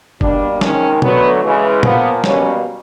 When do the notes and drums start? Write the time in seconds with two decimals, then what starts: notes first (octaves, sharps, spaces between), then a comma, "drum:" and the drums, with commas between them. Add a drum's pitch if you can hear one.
0.21 B2 G3 A#3 D4, drum: kick F#1
0.61 C3 D#3 G#3 C#4, drum: snare
1.02 D3 F#3 A3 B3, drum: tom
1.43 C#3 E3 G#3
1.83 A#2 F3 A#3 B3, drum: tom
2.24 B2 G3 A#3 C#4, drum: snare